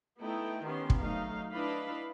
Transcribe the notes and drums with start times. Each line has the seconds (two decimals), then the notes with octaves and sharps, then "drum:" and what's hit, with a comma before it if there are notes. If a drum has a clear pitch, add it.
0.21 A3 B3 D#4 E4 G5
0.65 D#3 B3 C#4 G4 C6
0.90 drum: kick
1.00 F#3 A3 D#4 F5
1.50 D4 E4 B4 D#5 F5 B5